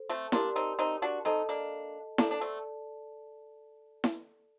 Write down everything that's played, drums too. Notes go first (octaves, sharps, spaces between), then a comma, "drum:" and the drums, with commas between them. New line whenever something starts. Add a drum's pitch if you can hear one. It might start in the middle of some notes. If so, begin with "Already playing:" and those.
Already playing: A4 C5
A3 C4
A#3 D4 G4 A#4 D5 A5 C6, drum: snare E4
C4 D#4
C4 D#4
D4 F#4
C4 D#4 A4 D#5 A5
A#3 D4
A#3 D4 A4 D5 A5, drum: snare E4
D4
A3 C4
drum: snare E4